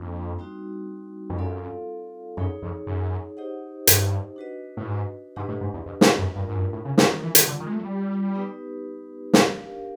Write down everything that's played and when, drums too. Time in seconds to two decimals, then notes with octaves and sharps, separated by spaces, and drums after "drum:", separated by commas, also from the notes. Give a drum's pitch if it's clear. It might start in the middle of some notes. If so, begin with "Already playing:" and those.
Already playing: F2 A#3 D4 F4
0.38 G3 C4 D#4 F#4
1.30 F2
1.38 F#2 C4 F4 A4 D5 F5
2.37 F#2 D#4 G#4 C#5
2.62 F2
2.87 F#2
3.37 D#4 G4 C5 D#5 F#5
3.87 G2, drum: hi-hat
4.36 D4 F#4 B4 D#5
4.77 A2
4.87 G#2
5.36 G#2 D4 G4 B4 D#5 F#5
5.48 A2
5.61 G#2
5.74 E2
5.86 F2
6.01 drum: snare
6.19 F#2
6.36 G2 A3 D4 F4 A#4
6.48 G#2
6.55 F#2
6.61 G2
6.73 A2
6.85 C#3
6.98 D3, drum: snare
7.10 D#3
7.23 E3
7.35 D#3 G3 C4 F4, drum: hi-hat
7.48 D3
7.60 D#3
7.67 G#3
7.73 A3
7.80 F#3
7.84 G3
8.35 B3 D#4 G4 B4
9.33 D4 G4 A#4 D5 F5, drum: snare